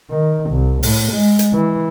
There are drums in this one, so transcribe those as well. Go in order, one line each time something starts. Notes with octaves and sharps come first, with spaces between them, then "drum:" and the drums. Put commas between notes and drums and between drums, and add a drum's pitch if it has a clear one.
D#3
C2
A2, drum: open hi-hat
G#3
drum: hi-hat
E3